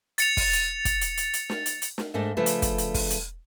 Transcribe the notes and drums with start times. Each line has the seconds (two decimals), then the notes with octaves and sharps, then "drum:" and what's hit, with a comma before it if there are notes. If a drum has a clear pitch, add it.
0.18 A6 C#7 F7, drum: hi-hat
0.37 drum: kick, open hi-hat
0.53 drum: hi-hat
0.85 drum: kick, hi-hat
1.01 drum: hi-hat
1.17 drum: hi-hat
1.33 drum: hi-hat
1.50 drum: snare
1.66 drum: hi-hat
1.82 drum: hi-hat
1.98 drum: snare
2.14 G#2 A3 D4 A#4 D#5
2.37 C#3 F3 A3 D4 F4 B4
2.46 drum: hi-hat
2.62 drum: kick, hi-hat
2.78 drum: hi-hat
2.94 drum: kick, open hi-hat
3.10 drum: hi-hat